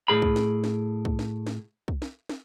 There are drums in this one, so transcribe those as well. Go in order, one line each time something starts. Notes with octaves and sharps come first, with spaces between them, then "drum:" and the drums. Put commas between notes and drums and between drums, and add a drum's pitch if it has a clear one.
A2 G#4 B5
drum: kick
drum: snare
drum: snare
drum: kick
drum: snare
drum: snare
drum: kick
drum: snare
drum: snare